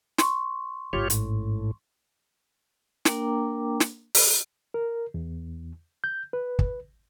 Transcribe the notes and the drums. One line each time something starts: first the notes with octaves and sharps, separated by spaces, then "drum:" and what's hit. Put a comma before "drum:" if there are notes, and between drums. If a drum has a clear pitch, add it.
C6 C#6, drum: snare
A1 G#2 F4 G4 C#5
A2, drum: hi-hat
A#3 D4 A#4 G5 A#5 D6, drum: snare
drum: snare
drum: open hi-hat
A#4
E2
G6
B4
drum: kick